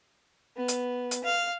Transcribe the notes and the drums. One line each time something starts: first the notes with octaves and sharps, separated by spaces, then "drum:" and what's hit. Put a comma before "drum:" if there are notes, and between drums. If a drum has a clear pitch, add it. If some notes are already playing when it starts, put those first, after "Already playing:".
B3
drum: hi-hat
drum: hi-hat
F5